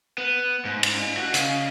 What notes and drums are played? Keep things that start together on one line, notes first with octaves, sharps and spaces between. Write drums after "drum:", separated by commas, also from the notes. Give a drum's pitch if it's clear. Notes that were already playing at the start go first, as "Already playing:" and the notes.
B3
G#2
drum: cymbal
F#4
C#3, drum: hi-hat